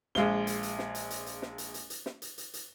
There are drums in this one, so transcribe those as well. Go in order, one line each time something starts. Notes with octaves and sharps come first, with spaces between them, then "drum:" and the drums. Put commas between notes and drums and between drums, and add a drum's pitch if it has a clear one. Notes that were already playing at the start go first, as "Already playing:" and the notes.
A#1 G#3 F5 G7, drum: snare
drum: hi-hat
drum: hi-hat
drum: snare
drum: hi-hat
drum: hi-hat
drum: hi-hat
drum: snare
drum: hi-hat
drum: hi-hat
drum: hi-hat
drum: snare
drum: hi-hat
drum: hi-hat
drum: hi-hat